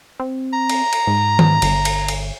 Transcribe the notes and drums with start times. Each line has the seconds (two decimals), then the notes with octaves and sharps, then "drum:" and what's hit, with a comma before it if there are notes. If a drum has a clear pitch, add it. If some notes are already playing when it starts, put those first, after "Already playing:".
0.19 C4
0.53 A#5
0.70 drum: cymbal
0.93 drum: cymbal
1.07 G#2
1.39 drum: tom D#3
1.62 G1, drum: cymbal
1.85 drum: cymbal
2.08 drum: cymbal